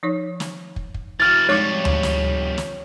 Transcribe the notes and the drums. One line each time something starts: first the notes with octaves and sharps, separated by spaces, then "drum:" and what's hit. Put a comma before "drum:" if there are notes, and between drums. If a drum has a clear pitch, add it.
F3 D#4 C#5
drum: snare
drum: kick
drum: kick
E3 F#4 F6 A6
F2 G3 G#3 D#4 C#5 D6
drum: tom D2
drum: snare
drum: snare